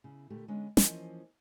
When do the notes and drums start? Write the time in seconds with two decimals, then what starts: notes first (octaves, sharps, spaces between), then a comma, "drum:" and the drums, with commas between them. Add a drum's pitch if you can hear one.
0.04 C#3 E4
0.30 A#2 D3 A3 G4
0.48 D3 G#3 B3 C#4 D4
0.77 E3 F3 A#3 C#4 C5 D#5, drum: snare